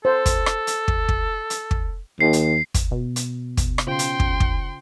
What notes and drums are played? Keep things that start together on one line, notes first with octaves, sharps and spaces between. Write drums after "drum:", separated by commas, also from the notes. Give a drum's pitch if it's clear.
A4 C5
drum: kick, hi-hat
drum: rim click
drum: hi-hat
drum: kick
drum: kick
drum: hi-hat
drum: kick
D#2 C7
drum: hi-hat
drum: kick, hi-hat
B2
drum: hi-hat
drum: kick, hi-hat
drum: rim click
C#3 F4 C5 G5 C6
drum: hi-hat
drum: kick
drum: kick